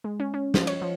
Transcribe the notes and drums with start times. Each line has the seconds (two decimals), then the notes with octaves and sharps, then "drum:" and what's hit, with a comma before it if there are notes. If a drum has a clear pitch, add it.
0.04 G#3
0.20 C#4
0.34 C#4
0.54 F3, drum: snare
0.67 C#5, drum: cymbal
0.82 F3